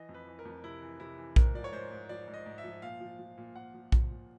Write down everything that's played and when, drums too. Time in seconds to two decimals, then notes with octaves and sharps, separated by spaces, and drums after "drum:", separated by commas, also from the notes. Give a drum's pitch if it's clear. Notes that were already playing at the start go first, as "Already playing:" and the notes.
Already playing: E3 D#5
0.09 F2
0.14 B4
0.27 E3
0.39 A#4
0.45 F2
0.64 C3 E4
0.82 E3
1.00 C3 E4
1.18 E3
1.36 G#2 A#4, drum: kick A#1
1.54 F3 D5
1.64 C#5
1.72 G#2 C5
1.91 G#2
2.09 F3 D5
2.27 G#2
2.34 D#5
2.46 G#2
2.58 E5
2.64 F3
2.82 A#2 F5
3.01 F3
3.19 F3
3.38 A#2
3.55 A#2 F#5
3.74 F3
3.92 F3, drum: kick A#1
4.10 A#2